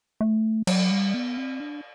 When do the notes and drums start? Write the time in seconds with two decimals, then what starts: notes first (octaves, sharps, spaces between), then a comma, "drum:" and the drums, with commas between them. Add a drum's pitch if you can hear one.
0.21 A3
0.67 F#3, drum: cymbal
0.90 G3
1.14 B3
1.37 C4
1.60 D4